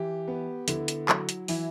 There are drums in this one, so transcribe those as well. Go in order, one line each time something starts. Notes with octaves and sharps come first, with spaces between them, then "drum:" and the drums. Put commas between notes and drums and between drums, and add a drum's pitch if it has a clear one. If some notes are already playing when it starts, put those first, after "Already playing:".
Already playing: E3 G4
B3
D3 E4, drum: hi-hat
drum: hi-hat
F#3, drum: clap
drum: hi-hat
E3 E4, drum: open hi-hat